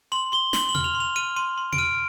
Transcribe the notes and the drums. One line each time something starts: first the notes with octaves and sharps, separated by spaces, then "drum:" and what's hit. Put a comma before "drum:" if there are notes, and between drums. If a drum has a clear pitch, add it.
C6 F#7
C6 G7
C6 F#7, drum: snare
F#7
F6, drum: tom B2
F7
C6
F7
F6 D#7
C6 D#7
C6
D7, drum: tom B2
F6 D#7